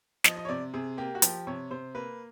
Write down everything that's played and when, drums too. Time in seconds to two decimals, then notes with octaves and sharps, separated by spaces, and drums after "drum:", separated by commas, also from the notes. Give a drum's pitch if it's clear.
0.24 F3 D#5, drum: snare
0.37 D#5
0.45 C#5
0.49 C3 D5
0.74 C3 G#4
0.98 A#3 G4
1.15 F#4
1.22 F3 G4, drum: hi-hat
1.47 C3 C#5
1.71 C3 C5
1.95 A#3 B4